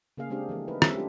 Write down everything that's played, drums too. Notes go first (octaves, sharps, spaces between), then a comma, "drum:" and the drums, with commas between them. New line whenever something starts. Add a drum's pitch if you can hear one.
C#3 A#3 G#4 F5
G#3 C4 D4 G4 G#4
E3 F3 A3 A#4
D#4 A#4 B4
G3 A3 C4 C#4 E5, drum: rim click
G#3 A3 D4 F4 G4 A4